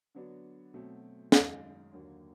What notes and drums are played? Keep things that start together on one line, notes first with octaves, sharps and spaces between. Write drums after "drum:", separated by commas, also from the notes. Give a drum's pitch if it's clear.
D3 F#3 B3 D4 F#4
B2 F#3 A3 C4
F#2 D#3 G#3, drum: snare
D#2 D3 F#3 A#3